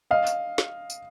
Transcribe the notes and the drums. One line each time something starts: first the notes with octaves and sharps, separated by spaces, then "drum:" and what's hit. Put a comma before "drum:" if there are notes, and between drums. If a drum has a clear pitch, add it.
D#5 F5
drum: tambourine
drum: snare
drum: tambourine